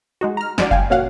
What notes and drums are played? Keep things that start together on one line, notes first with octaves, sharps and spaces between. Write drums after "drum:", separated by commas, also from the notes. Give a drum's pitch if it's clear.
G#3 D#4 F#4
A#5 F6
G1 G#3 D4 F#4 D5, drum: snare
F5 G5 G#5, drum: kick F#1
F2 A#2 C#4 F#4 F5 F#5